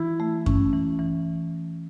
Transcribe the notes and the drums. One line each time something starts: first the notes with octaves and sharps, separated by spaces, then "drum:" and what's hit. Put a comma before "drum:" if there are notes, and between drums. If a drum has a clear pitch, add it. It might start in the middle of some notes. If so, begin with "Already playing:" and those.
Already playing: E3 E4
A3
C#4, drum: kick F#2
E3
E3